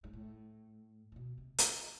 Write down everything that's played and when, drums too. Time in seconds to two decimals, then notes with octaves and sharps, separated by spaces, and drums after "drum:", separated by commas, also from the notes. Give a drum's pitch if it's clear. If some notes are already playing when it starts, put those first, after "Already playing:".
0.04 G#2
0.13 A2
1.12 A#2
1.16 B2
1.38 C3
1.58 C#3, drum: hi-hat